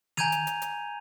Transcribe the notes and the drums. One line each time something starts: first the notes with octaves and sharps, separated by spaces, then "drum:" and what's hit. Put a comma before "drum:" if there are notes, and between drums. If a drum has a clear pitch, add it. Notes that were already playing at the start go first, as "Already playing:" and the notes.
G#5 A#5 G6 G#6 D#7 F7, drum: tom D#3
drum: hi-hat
drum: hi-hat
drum: hi-hat